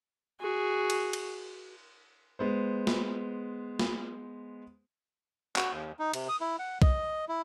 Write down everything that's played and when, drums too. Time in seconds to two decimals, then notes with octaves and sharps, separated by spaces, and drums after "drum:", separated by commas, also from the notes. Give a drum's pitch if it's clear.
0.40 F#4 G#4
0.90 drum: cymbal
1.13 drum: cymbal
2.39 G#3 B3 C5
2.87 drum: snare
3.79 drum: snare
5.56 F#4, drum: clap
5.72 D#2
5.99 D#4
6.13 C3, drum: cymbal
6.29 D#6
6.41 E4
6.59 F#5
6.82 D#5, drum: kick B1
7.29 E4